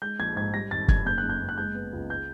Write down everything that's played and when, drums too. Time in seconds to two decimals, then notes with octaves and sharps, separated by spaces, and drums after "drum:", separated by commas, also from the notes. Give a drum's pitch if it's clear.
0.02 G#3 G6
0.19 A#1 G#6
0.36 G#2 G#6
0.54 G3 A#6
0.71 G#1 A6
0.88 G2 G#6, drum: kick
1.06 F#1 G6
1.18 F#6
1.23 F#1
1.29 G6
1.40 F#1
1.49 F#6
1.58 G#3 G6
1.75 B3
1.93 C#2
2.10 G6